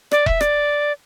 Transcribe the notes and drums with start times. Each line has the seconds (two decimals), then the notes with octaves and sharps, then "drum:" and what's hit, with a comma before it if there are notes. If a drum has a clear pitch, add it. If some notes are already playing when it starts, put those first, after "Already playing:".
0.11 D5, drum: rim click
0.26 E5, drum: kick E1
0.41 D5, drum: rim click